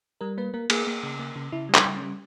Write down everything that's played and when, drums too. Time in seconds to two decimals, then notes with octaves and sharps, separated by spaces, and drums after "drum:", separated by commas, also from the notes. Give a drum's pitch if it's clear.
0.21 G3 A#4
0.38 A#3 B4
0.54 A#3 A#4
0.70 A#3 G#4, drum: cymbal
0.87 A#3
1.03 C#3
1.19 A#3
1.36 C#3
1.52 C#3 E4
1.69 G3
1.74 D#4, drum: clap
1.85 C#3
1.96 G3 C#4